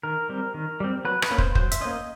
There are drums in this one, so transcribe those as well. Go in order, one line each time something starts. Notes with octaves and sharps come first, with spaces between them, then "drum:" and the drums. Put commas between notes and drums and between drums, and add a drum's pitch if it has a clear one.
D#3 A#4
G3 C4
D#3
G3 C4
F#3 B4
B4, drum: rim click
A#3 C#4
C5, drum: kick
F#3 C5, drum: kick
E5, drum: hi-hat
A#3 C#4 D#5